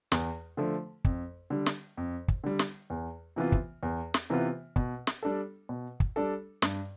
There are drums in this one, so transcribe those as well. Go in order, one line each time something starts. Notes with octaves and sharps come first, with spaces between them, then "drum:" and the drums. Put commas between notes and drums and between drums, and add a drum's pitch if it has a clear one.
E2, drum: snare
D3 F3 A3
F2, drum: kick
D3 G3
drum: snare
F2
drum: kick
D3 G3
drum: snare
E2
C3 E3 B3 F4
drum: kick
E2
drum: snare
C3 E3 B3 F4
B2, drum: kick
drum: snare
G3 D4 A4
B2
drum: kick
G3 D4 A4
G2, drum: snare